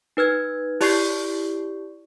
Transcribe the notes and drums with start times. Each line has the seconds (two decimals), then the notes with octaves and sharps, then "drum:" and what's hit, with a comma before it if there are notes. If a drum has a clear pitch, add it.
0.17 D#4 B4 F6 G#6
0.81 E4 G4 D5 C#6 G6 C7, drum: open hi-hat